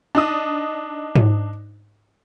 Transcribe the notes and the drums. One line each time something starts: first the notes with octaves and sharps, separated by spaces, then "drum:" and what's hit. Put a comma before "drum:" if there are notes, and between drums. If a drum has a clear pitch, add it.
D4 D#4 D#6
drum: tom G#2